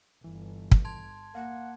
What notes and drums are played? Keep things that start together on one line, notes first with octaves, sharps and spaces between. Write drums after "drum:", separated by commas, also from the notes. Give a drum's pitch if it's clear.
G1 E3
drum: kick
A5 C6 G#6
A#3 F5 F#5